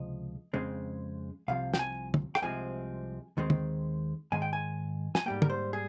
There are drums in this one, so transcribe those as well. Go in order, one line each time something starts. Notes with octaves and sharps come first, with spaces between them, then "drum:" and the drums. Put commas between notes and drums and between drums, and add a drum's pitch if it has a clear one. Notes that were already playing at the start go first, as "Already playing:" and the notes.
Already playing: C#2 C3 F3 D#5
F2 C#3 G#3 C4
C2 C3 F3 F5
G5, drum: snare
G#5
drum: tom
G5, drum: rim click
C2 C3 F3 G#3 C4 G#5
D#2 D#3 G#3 C4
drum: tom
G#2 D#3 G#3 G#5
G5
G#5
G#5, drum: snare
G#2 G3 A#3 G5
A#4, drum: tom
C5
G#4